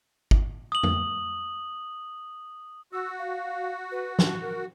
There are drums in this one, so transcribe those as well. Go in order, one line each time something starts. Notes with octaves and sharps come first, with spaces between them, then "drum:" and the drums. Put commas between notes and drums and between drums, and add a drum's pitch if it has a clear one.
drum: kick
D#6 F#7
drum: tom F2
F#4 E6
F5
B4
A5, drum: snare
A#4